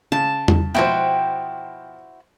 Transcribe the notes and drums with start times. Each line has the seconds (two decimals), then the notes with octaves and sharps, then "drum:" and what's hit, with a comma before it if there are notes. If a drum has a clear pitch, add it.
0.12 C#3 A5
0.48 drum: tom E2
0.75 B2 F3 E4 F#4 C5 G5 F#6